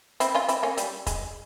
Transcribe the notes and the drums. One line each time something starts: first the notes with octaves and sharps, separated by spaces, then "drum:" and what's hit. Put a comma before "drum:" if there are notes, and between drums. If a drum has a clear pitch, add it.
C4 E4, drum: hi-hat
C#4 F4
C4 E4, drum: hi-hat
A#3 C#4
G3, drum: hi-hat
G#3, drum: kick, hi-hat